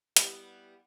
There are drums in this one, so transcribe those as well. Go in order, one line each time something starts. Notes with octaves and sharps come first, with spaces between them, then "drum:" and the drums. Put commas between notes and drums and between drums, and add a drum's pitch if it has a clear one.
G3 B3 E4, drum: hi-hat